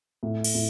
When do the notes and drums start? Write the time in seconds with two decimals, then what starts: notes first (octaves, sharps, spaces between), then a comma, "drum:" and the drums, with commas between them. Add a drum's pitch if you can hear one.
0.23 A2
0.44 drum: cymbal
0.54 A2